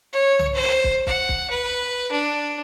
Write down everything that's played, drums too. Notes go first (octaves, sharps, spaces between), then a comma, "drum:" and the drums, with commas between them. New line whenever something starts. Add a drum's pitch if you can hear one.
C#5
drum: tom C2
C5
drum: kick
F#5, drum: kick
drum: kick
B4
D4